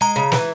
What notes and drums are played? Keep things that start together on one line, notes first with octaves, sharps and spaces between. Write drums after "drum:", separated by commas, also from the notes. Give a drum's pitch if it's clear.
G#3 A#5
C#3
E3, drum: snare